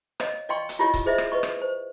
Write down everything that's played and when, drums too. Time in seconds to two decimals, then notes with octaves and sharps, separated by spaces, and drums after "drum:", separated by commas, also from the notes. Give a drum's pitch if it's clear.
0.20 C#5 D#5 F5, drum: rim click
0.49 D5 D#5 F5 G5 C6 C#6
0.69 drum: hi-hat
0.79 E4 F4 G4 C#5 D#5
0.94 drum: kick C#1, hi-hat
1.06 G#4 C5 D#5 E5
1.18 drum: rim click
1.32 B4 D#5 C#6
1.43 drum: rim click
1.62 C5